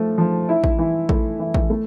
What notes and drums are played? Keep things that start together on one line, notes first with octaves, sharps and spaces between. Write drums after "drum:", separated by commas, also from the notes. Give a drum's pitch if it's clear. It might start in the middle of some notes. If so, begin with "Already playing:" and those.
Already playing: F3 A3
F3
E4
drum: kick A1
E3
A3, drum: kick A1
E3
drum: kick A1
A3